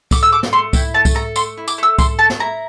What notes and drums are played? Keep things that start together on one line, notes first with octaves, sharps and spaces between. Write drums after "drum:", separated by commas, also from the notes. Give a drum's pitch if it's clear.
A3 D6, drum: kick C2, tambourine
E6
A4 D6
drum: snare
A3 C6
E4 G5, drum: kick C2, tambourine
A3 A5
drum: kick C2, tambourine
A4 A#5
A3 C6, drum: tambourine
E4
D6, drum: tambourine
A3 E6
A4 C6, drum: kick C2, tambourine
A3 A5
drum: snare
E4 A#5